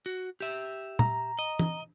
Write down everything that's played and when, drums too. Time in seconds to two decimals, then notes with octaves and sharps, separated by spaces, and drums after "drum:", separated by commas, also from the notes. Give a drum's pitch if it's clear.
0.06 F#4
0.40 G4 E5
0.99 A#5, drum: tom A#2
1.39 D#5
1.59 drum: tom